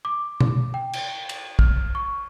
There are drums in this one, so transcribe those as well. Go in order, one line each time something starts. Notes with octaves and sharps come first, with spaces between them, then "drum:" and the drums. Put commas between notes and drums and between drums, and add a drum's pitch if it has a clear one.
D6
drum: tom B2
G5
drum: cymbal
drum: cymbal
F6, drum: kick
C#6